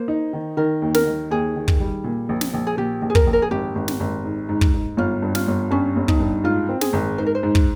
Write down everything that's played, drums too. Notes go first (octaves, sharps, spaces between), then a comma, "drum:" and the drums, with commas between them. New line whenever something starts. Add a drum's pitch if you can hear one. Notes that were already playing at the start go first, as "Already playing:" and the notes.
Already playing: A#3 C5
D#4
D#3
D#3 A#4
D#2
A#4, drum: snare
D#3
D#2 G#4
D#3
drum: kick
G3
A#2
A#1
drum: snare
A#1
G#4
A#2 G4
A#1
G#4
A#4, drum: kick
A#1
A#4
G#4
G#1 G4
G#1
drum: snare
G#1
G#2
G#2
drum: kick
G#2
G1 F4
G2
F4, drum: snare
G1
G2 C#4
G1
D#4, drum: kick
G2
G#2 F4
C4
G#4, drum: snare
G#1
G#2 C5
A#4
C5
G#2
drum: kick